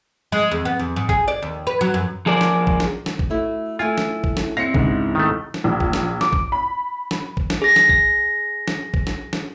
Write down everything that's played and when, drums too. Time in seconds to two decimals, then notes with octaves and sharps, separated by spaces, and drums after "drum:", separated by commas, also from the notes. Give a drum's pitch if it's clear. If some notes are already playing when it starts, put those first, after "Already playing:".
0.32 G#3
0.51 E2
0.65 B3
0.79 E2
0.96 G#2
1.09 G#4, drum: kick
1.28 D5
1.42 D#2
1.67 B4
1.81 F#3
1.94 F#2
2.26 F3 G#4 A#4 D5
2.41 drum: snare
2.67 drum: kick
2.80 drum: snare
3.06 drum: snare
3.19 drum: kick
3.30 A3 E4 F#4
3.79 A3 E4 F4 G#5
3.98 drum: snare
4.24 drum: kick
4.37 drum: snare
4.57 G3 C4 E4 F5 A#6 C#7
4.74 C#2 G#2, drum: kick
5.15 D#3 A3
5.54 drum: snare
5.64 A#1
5.80 drum: kick
5.93 drum: snare
6.21 D6, drum: snare
6.33 drum: kick
6.52 B5
7.11 drum: snare
7.37 drum: kick
7.50 drum: snare
7.62 G#4 A#6
7.76 drum: snare
7.89 drum: kick
8.68 drum: snare
8.94 drum: kick
9.07 drum: snare
9.33 drum: snare